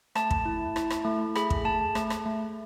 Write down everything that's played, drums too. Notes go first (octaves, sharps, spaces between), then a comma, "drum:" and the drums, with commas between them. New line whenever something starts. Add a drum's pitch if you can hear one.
A3 A5, drum: rim click
drum: kick
E4
E4, drum: rim click
drum: rim click
A3
G#4 B5, drum: rim click
drum: kick
A3 A5
A3, drum: rim click
drum: rim click
A3